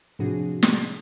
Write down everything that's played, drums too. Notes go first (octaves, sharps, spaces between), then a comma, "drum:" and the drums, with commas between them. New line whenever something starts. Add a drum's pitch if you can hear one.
A2 C3 F3 D4 F#4 G#4
drum: snare